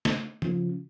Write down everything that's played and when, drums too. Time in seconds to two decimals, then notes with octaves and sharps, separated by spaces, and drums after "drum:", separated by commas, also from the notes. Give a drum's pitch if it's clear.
0.05 drum: snare
0.42 C#3 F3 C#4 F4, drum: tom C#3